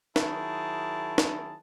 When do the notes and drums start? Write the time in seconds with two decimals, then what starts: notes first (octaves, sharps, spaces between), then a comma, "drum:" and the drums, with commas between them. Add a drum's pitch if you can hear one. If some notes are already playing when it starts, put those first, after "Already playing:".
0.16 D#3 F#3 E4 G#4 A5, drum: snare
1.18 drum: snare